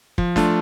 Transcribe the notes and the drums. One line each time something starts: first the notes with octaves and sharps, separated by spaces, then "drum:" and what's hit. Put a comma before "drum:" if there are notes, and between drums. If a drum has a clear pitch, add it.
F3, drum: kick
A3 D4 F4, drum: snare